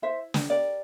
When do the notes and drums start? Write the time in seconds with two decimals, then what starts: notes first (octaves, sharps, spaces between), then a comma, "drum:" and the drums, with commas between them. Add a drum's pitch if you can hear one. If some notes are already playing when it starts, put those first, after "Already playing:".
0.02 E4 C5 E5
0.34 drum: snare
0.50 G4 A#4 D5